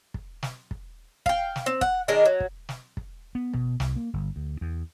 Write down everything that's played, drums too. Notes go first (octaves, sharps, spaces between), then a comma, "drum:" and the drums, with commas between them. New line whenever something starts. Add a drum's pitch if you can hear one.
drum: kick
drum: snare
drum: kick
F5 G5, drum: kick
drum: snare
C4
F#5, drum: kick
D#3 G#3 D4 A#4
F#3
drum: kick
drum: snare
drum: kick
B3
B2, drum: kick
C2, drum: snare
A#3
G1
D2
E2